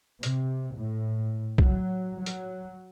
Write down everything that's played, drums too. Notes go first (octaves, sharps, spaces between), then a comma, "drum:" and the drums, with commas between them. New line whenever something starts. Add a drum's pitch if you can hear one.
C3, drum: hi-hat
A2
F#3, drum: kick
F#3
drum: hi-hat